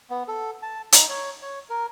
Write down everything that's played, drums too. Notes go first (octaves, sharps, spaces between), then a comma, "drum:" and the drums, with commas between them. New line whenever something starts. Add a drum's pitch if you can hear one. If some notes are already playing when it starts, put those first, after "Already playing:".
B3
A4
A5
D#4, drum: hi-hat
C#5
C#5
A#4